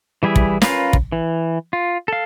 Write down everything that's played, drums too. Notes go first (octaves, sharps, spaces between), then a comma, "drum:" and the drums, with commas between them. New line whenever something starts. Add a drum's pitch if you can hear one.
E3 G3 E4 G#4 E5
drum: kick
C#4 F4 A#4 B4 F5, drum: snare
drum: kick
E3
F4
A4 F5